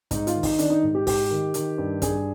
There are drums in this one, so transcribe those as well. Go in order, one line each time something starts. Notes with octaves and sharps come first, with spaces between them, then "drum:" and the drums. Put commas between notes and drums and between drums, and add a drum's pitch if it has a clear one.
G#2 D#4, drum: kick, hi-hat
F4, drum: hi-hat
D#3
D#4, drum: kick, open hi-hat
D#3 D4, drum: hi-hat
D#4
G#2
G4
G#2 G4, drum: kick, open hi-hat
D#3
D#3, drum: hi-hat
G2
G2 G#4, drum: kick, hi-hat